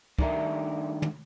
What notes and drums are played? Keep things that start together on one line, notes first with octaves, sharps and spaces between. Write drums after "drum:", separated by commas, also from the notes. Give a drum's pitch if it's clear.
G2 D#3 A3 D4 A#4 E5, drum: kick
drum: tom